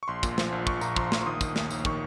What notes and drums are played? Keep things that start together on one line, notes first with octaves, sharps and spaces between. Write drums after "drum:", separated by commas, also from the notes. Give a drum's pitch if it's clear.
C#6
A#1 C6
A#2, drum: kick, tambourine
F3, drum: snare
A#1
A#1 C#6, drum: kick
A#2 A#5, drum: tambourine
F3 C6, drum: kick
A#1 C6, drum: snare
D#3 D#6
D#3, drum: kick, tambourine
D#2, drum: snare
D#2, drum: tambourine
D#3 C#6, drum: kick